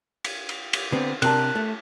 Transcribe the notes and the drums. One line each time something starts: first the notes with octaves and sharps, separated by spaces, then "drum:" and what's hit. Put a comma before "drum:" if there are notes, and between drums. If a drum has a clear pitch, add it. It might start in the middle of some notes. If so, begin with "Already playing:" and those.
drum: cymbal
drum: cymbal
drum: cymbal
D3 B3 C4
C3 D4 A#4 A5 F#6, drum: cymbal
A3